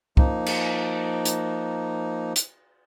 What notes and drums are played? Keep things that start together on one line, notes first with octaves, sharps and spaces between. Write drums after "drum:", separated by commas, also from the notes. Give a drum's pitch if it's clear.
F3 A#3 D#4, drum: kick
drum: cymbal
drum: hi-hat
drum: hi-hat